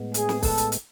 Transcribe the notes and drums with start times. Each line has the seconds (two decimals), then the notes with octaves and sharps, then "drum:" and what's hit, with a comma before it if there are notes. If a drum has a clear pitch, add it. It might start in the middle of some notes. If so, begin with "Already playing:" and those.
Already playing: A2 G#3 B3
0.14 G#4, drum: hi-hat
0.29 drum: snare
0.43 A4, drum: kick, open hi-hat
0.57 drum: hi-hat
0.72 drum: hi-hat